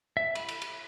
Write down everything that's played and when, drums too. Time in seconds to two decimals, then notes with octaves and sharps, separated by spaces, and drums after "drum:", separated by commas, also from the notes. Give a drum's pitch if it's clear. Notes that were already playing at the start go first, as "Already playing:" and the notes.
0.17 E5
0.35 B5, drum: cymbal
0.48 drum: cymbal
0.62 drum: cymbal